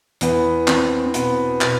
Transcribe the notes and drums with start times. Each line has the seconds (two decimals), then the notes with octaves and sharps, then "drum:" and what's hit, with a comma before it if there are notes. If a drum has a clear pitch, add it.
0.21 E2 B3, drum: hi-hat
0.67 E2 C4, drum: clap
1.06 C4
1.14 B2 B3, drum: hi-hat
1.61 B2, drum: clap